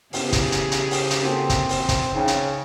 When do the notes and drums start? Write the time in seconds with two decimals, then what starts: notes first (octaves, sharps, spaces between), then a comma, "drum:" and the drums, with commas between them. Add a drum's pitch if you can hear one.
0.13 C#3 B3 E4 G4 G#4, drum: open hi-hat
0.32 drum: kick, hi-hat
0.52 drum: hi-hat
0.71 drum: hi-hat
0.91 drum: open hi-hat
1.11 drum: hi-hat
1.23 A#3 C4 F#4 A4
1.50 drum: kick, hi-hat
1.69 drum: open hi-hat
1.89 drum: kick, hi-hat
2.14 C#3 D#4 G5
2.28 drum: hi-hat